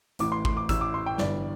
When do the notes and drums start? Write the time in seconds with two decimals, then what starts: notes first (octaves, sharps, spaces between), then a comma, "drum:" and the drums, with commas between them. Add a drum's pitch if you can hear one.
0.19 A1 A2 E3 D6, drum: hi-hat
0.32 C6
0.45 C6, drum: kick G#1
0.57 D6
0.69 A1 A2 E3 E6, drum: kick G#1, hi-hat
0.81 D6
0.94 C6
1.06 G5
1.18 G1 G2 E3 G3 D5, drum: snare